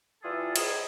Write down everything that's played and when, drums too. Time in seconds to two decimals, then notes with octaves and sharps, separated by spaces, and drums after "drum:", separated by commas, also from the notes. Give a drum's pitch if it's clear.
0.23 E3 G3 F4 G#4 A4
0.56 C#2 G#4, drum: cymbal